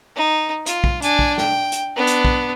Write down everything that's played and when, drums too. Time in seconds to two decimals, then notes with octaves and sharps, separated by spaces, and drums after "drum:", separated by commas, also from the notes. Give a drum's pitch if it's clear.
0.16 D#4
0.66 F4, drum: hi-hat
0.84 drum: kick
1.02 D4 G#5, drum: hi-hat
1.19 drum: kick
1.38 G5, drum: snare
1.72 drum: hi-hat
1.96 B3 D4
2.07 drum: hi-hat
2.25 drum: kick